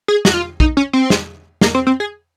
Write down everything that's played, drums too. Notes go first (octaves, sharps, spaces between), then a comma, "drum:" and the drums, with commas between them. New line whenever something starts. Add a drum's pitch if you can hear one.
G#4
F#4, drum: snare
F4
D#4, drum: kick
C#4
C4
drum: snare
A#3, drum: snare
C4
C4
G#4